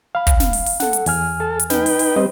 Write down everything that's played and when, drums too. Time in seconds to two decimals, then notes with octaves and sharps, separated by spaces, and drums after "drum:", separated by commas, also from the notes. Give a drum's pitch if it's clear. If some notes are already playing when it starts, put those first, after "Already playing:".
0.15 F5 B5
0.27 drum: kick, hi-hat
0.40 drum: snare
0.53 drum: open hi-hat
0.66 drum: open hi-hat
0.80 A4 F#5, drum: snare
0.93 drum: hi-hat
1.06 E2 G#5 F6, drum: open hi-hat
1.40 A4
1.59 drum: hi-hat
1.70 D#4 B4 G5, drum: snare
1.86 drum: open hi-hat
1.99 drum: open hi-hat
2.16 G3 C4 B4 D#5